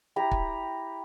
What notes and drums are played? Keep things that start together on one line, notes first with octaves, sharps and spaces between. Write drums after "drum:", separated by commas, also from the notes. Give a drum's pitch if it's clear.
E4 G4 A#5
drum: kick